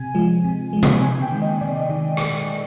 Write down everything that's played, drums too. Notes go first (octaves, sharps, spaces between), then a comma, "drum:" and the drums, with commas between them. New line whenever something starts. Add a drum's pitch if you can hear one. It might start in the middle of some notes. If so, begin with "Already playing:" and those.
Already playing: C3 G#5
F3 G#3
C3
F3 G#3
drum: tom C3
C3 G#5
G5
D#3 G#3
D#5
C3 D5
D5
D#3
drum: rim click